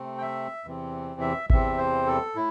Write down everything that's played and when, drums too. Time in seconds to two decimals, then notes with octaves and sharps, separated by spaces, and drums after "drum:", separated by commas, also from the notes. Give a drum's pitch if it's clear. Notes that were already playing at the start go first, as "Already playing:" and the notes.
Already playing: C3 A3 C4
0.18 G5
0.22 E5
0.64 E2 C3 E3 C4
1.21 E5
1.50 E2 C3 E3 C4 E5, drum: kick G#1
1.78 C5
2.07 A4
2.35 A2 E4